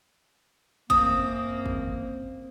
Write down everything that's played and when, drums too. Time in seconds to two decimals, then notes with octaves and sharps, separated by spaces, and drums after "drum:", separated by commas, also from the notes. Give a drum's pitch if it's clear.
0.90 F#2 A#3 C4 D#6, drum: kick
1.66 drum: kick